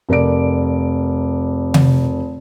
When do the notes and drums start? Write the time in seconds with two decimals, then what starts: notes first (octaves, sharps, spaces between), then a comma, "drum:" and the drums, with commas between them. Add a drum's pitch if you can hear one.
0.09 F1 A#4 D5 D7
1.74 drum: tom C3